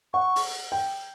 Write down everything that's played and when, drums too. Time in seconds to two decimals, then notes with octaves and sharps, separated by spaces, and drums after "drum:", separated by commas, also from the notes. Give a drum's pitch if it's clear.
0.13 F#5 C#6
0.36 drum: open hi-hat
0.72 G5